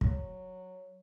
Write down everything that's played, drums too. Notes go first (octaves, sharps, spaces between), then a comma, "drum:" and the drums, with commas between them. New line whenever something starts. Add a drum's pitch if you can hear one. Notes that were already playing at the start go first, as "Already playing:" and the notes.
F#3, drum: kick